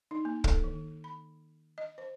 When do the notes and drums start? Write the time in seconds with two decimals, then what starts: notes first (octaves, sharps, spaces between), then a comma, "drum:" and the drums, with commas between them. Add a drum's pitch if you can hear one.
0.11 D#4
0.25 A#3
0.44 A4, drum: kick
0.64 D#3
1.04 B5
1.78 D#5
1.98 C5